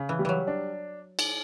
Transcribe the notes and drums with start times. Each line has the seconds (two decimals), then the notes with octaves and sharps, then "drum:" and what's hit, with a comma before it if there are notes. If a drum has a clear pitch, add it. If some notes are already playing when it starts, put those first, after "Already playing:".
Already playing: C#3
0.09 E3
0.19 G3
0.25 E3 F#3
0.47 D4
1.19 drum: cymbal